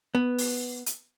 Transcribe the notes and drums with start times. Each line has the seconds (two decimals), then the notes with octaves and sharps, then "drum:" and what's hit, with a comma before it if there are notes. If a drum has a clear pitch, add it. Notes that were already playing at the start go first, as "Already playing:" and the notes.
0.15 B3
0.38 drum: open hi-hat
0.86 drum: hi-hat